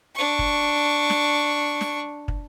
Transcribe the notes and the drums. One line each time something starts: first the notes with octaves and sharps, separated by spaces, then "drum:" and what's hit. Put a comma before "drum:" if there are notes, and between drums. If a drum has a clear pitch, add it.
D4 C#6
drum: kick
drum: snare
drum: snare
drum: kick